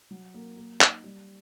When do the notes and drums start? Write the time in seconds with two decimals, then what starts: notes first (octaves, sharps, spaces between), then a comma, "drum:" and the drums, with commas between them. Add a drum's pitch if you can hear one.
0.11 F#3
0.34 A#3
0.57 A#3
0.81 D#4, drum: clap
1.04 G3